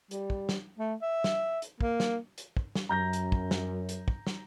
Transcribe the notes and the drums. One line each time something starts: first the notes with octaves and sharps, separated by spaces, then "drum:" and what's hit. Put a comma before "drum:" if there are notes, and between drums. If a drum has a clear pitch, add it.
G3, drum: hi-hat
drum: kick
drum: snare
A3
E5
drum: snare
drum: hi-hat
A#3, drum: kick
drum: snare
drum: hi-hat
drum: kick
drum: snare
F#2 A#5 G6 A#6
drum: hi-hat
drum: kick
drum: snare
drum: hi-hat
drum: kick
drum: snare